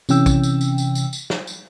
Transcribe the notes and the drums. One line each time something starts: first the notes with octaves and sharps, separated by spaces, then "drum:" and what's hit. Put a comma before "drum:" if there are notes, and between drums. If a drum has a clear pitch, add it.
C3 E3 C#4 G5 E6, drum: tambourine
drum: kick A#1, tambourine
drum: tambourine
drum: tambourine
drum: tambourine
drum: tambourine
drum: tambourine
drum: snare
drum: tambourine